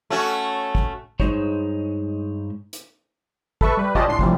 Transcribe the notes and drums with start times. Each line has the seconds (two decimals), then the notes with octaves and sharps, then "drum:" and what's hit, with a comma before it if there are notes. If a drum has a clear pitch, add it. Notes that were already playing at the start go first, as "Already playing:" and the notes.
0.10 A3 C#4 F#4
0.75 drum: kick
1.20 G2 G#3 D#4 G#4 C5 C#5, drum: kick
2.73 drum: hi-hat
3.61 A4 B4 E5 C#6, drum: kick
3.77 G3 B4
3.95 C#4 F4 G4 D5 D#5 A5, drum: kick
4.08 C#2 A2 D4 C6 C7
4.19 A2 C3 E3 F3 G3, drum: kick